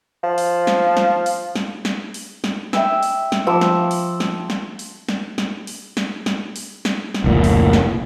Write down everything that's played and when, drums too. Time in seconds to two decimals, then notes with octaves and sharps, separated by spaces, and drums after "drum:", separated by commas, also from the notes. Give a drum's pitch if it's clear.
0.24 F3
0.38 drum: open hi-hat
0.67 drum: snare
0.97 drum: snare
1.26 drum: open hi-hat
1.56 drum: snare
1.85 drum: snare
2.14 drum: open hi-hat
2.44 drum: snare
2.73 E5 G5 E6, drum: snare
3.03 drum: open hi-hat
3.32 drum: snare
3.47 F3 D6 E6
3.61 drum: snare
3.91 drum: open hi-hat
4.20 drum: snare
4.50 drum: snare
4.79 drum: open hi-hat
5.09 drum: snare
5.38 drum: snare
5.67 drum: open hi-hat
5.97 drum: snare
6.26 drum: snare
6.56 drum: open hi-hat
6.85 drum: snare
7.14 drum: snare
7.24 F1 C#2 A#2
7.44 drum: open hi-hat
7.73 drum: snare